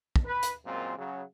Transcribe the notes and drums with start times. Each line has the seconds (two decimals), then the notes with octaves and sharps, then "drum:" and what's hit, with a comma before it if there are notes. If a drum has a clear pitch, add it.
0.16 drum: kick
0.25 B4
0.43 drum: hi-hat
0.65 F#2 A#2 G#3 C4 F4
0.97 C#3 F#3